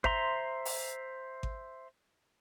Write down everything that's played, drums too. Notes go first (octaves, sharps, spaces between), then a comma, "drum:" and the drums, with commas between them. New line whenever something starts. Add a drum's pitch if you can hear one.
C5 E5 A#5 C6, drum: kick G#1
drum: open hi-hat
drum: kick G#1